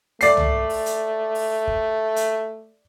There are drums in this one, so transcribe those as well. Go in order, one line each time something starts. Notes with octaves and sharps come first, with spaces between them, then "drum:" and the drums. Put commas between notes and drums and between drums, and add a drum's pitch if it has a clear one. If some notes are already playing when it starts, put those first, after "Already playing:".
A3 D5 C7, drum: hi-hat
drum: tom
drum: open hi-hat
drum: hi-hat
drum: open hi-hat
drum: kick
drum: hi-hat